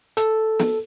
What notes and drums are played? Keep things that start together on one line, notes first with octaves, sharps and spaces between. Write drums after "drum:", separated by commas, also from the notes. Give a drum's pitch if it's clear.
A4, drum: hi-hat
drum: snare